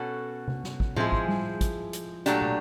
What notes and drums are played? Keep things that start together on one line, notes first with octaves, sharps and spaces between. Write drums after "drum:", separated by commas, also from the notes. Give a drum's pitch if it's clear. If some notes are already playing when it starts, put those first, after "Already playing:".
Already playing: B2 C#4 F#4 A4
drum: tom C3
drum: snare
drum: kick
F3 G#3 C4 E4 G#4, drum: tom A2
drum: kick
drum: tom G3
drum: kick, hi-hat
drum: hi-hat
A#2 F#3 A3 D4 G4, drum: hi-hat
drum: tom